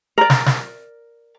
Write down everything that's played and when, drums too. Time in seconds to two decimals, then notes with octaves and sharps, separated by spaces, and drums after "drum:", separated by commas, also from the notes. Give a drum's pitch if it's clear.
0.18 A#4 D5
0.30 drum: snare
0.46 drum: snare